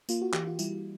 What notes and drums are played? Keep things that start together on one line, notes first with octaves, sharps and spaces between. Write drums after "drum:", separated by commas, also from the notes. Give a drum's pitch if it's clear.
A#3 F4, drum: tambourine
F#4
E3 G4, drum: clap
F4
G3 E4, drum: tambourine